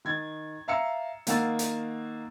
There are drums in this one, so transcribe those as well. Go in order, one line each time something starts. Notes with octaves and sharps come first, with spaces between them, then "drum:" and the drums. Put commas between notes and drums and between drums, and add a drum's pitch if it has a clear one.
D#3 G#6 A6
E5 F5 A#5 E6 C#7
D#3 A#3 F5 F#5 E6 A6, drum: hi-hat
drum: hi-hat